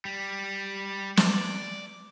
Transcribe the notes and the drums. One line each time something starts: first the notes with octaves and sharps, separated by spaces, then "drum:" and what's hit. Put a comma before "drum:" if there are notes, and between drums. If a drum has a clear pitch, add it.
G3
D5, drum: snare